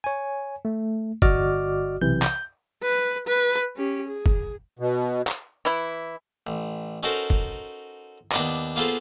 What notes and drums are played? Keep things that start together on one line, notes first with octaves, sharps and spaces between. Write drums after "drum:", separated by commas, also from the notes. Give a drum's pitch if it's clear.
C#5 G#5
A3
G1 F#4 D5 D#5 D6 F6, drum: kick
B1 C3 E3 G6
G6, drum: clap
B4
B4
C#4 G4
G#4
drum: kick
B2
drum: clap
E3 E4
A1
C#4 D#4 F#4 A4 A#4 C5
drum: kick
D#2 B3 D4 D#5 B5 D#6, drum: clap
A#3 B3 F4 G#4 A4 C5